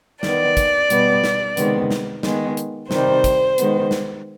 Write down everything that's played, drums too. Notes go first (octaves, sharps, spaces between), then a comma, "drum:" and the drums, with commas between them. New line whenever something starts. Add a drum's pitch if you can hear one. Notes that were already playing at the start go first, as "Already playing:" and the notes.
D#3 B3 D5, drum: snare
drum: kick, hi-hat
B2 G3 B3, drum: hi-hat
drum: snare
C3 D#3 G#3 B3, drum: hi-hat
drum: snare
D#3 G#3 B3, drum: snare
drum: hi-hat
C3 D#3 G3 C5, drum: snare
drum: kick, hi-hat
D#3 G#3 B3, drum: hi-hat
drum: snare